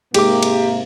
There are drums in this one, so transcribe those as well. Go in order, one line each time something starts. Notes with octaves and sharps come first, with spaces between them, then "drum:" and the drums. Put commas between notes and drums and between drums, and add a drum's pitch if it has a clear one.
G#2 C3 G#3 A#3 G4 D6, drum: cymbal
drum: cymbal